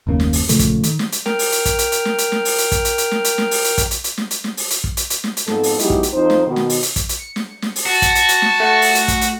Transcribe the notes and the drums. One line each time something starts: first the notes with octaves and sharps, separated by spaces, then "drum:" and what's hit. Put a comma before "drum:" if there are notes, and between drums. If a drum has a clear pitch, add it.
F#1 D#2 C#3 A#3
drum: snare
drum: open hi-hat
A#2 C#3 F3 A3, drum: hi-hat
drum: kick, hi-hat
D#3, drum: hi-hat
drum: snare
drum: hi-hat
A#4 G5 F6, drum: snare
drum: open hi-hat
drum: hi-hat
drum: kick, hi-hat
drum: hi-hat
drum: hi-hat
drum: snare
drum: hi-hat
drum: snare
drum: open hi-hat
drum: hi-hat
drum: kick, hi-hat
drum: hi-hat
drum: hi-hat
drum: snare
drum: hi-hat
drum: snare
drum: open hi-hat
drum: hi-hat
drum: kick, hi-hat
drum: hi-hat
drum: hi-hat
drum: snare
drum: hi-hat
drum: snare
drum: open hi-hat
drum: hi-hat
drum: kick
drum: hi-hat
drum: hi-hat
drum: snare
drum: hi-hat
F2 G#2 B3 A4, drum: snare
drum: open hi-hat
F#3 G#3 B3 D#4 E4 G4, drum: hi-hat
drum: kick
drum: hi-hat
F2 D#4 C5
drum: snare
B2 D#3
drum: snare
drum: open hi-hat
drum: hi-hat
drum: kick, hi-hat
drum: hi-hat
C#7
drum: snare
drum: snare
drum: open hi-hat
F#4 A5
drum: kick, hi-hat
drum: hi-hat
drum: hi-hat
drum: snare
A3 F#5 C#6
drum: open hi-hat
drum: hi-hat
drum: kick, hi-hat
drum: hi-hat